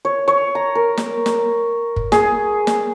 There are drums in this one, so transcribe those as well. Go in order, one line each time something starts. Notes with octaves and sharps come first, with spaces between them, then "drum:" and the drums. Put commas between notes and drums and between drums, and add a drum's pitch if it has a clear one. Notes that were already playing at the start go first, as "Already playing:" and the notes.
C#5
C#5
A#5
A#4
drum: snare
drum: snare
drum: kick
G#4, drum: snare
drum: snare